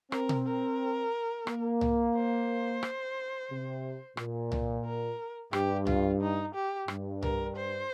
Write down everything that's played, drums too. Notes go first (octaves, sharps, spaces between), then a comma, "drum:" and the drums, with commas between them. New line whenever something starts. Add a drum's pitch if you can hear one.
C4 A#4, drum: rim click
drum: tom B2
A#4
A#3, drum: rim click
drum: tom C2
C5
drum: rim click
C3
A#2, drum: rim click
drum: tom C2
A#4
G2 G4, drum: rim click
F4, drum: tom C2
D#4
G4
G2, drum: rim click
A#4, drum: tom C2
C5